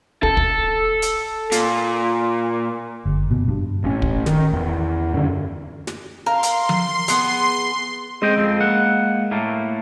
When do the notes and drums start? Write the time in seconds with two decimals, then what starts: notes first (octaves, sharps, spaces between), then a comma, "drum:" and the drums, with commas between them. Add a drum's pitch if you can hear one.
0.23 A4, drum: kick
0.37 drum: kick
1.02 drum: hi-hat
1.52 A#2, drum: hi-hat
3.05 G1
3.31 B2
3.48 G2
3.84 A1 C#4
4.02 drum: kick
4.26 D#3, drum: snare
4.53 E2
5.14 F#2 D3
5.87 drum: snare
6.26 A#4 F5 C6
6.43 drum: hi-hat
6.69 drum: tom F3
7.08 B3 G#4, drum: hi-hat
8.22 G#3 C4 D#5 G5
8.38 F2 C4
8.60 A#3 F#5
9.31 A2 A3 A#3